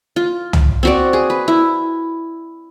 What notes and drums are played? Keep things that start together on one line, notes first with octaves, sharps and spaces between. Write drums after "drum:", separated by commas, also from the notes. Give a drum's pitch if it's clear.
F4
drum: tom
C4 F#4 D5
G#4
B4
E4